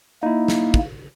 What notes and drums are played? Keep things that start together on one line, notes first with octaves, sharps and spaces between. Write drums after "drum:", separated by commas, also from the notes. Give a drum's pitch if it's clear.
A#3 D#4 E4
drum: snare
drum: kick